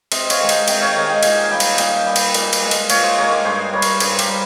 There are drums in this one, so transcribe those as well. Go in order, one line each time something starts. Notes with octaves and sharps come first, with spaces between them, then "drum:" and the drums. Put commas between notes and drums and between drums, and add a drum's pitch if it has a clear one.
C3 C5 D#5, drum: cymbal
C#5 F5, drum: cymbal
D#3 G#3
D#5 G5, drum: cymbal
C3 D#5 G5, drum: cymbal
C#5 F5
D#3 G#3 C#5 F5
D#5 G5
A#2 F5 G#5, drum: cymbal
G3 D#5 G5
drum: cymbal
A#2 D#5 G5, drum: cymbal
G3
drum: cymbal
A#2, drum: cymbal
drum: cymbal
G#3
drum: cymbal
A#2 C#5 F5, drum: cymbal
C5 D#5
G#3 A#4 C#5
G4 A#4
G2 G#4 C5
G3 A#4 C#5
drum: cymbal
G2 G#4 C5, drum: cymbal
G4 A#4, drum: cymbal
G3